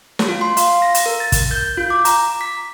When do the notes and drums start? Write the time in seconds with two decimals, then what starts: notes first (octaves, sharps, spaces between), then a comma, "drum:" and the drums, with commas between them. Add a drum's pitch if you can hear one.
0.19 drum: snare
0.29 F4
0.41 C6
0.57 F5, drum: hi-hat
0.82 A#6
0.94 drum: hi-hat
1.06 A#4
1.20 A6
1.32 drum: kick, hi-hat
1.51 G6
1.77 F4
1.90 D6
2.05 A#5, drum: hi-hat
2.41 B6